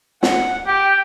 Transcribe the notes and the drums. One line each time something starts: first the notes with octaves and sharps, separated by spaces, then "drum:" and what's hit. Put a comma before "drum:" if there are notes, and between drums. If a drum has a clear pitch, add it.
F#5, drum: snare
G4 G5